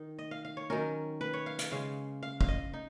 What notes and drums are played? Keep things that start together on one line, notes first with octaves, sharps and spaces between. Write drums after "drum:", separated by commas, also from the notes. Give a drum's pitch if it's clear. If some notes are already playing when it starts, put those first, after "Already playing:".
Already playing: D#3 D#4
D#5
F5
F5
C#5
D#3 F#3 C#4 A#4
B4
C#5
F5
F5, drum: hi-hat
C#3 G#3 C#4 F5
F5
F5, drum: kick
D#5
D#4